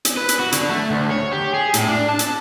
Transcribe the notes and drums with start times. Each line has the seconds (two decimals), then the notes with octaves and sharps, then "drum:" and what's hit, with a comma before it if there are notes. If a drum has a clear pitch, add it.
0.05 drum: hi-hat
0.17 B4
0.29 drum: hi-hat
0.39 F#4
0.52 D3, drum: hi-hat
0.71 A3
0.91 D2
1.11 C#5
1.33 G4
1.54 G#4
1.74 A2, drum: hi-hat
1.88 D4
2.09 A5
2.19 drum: hi-hat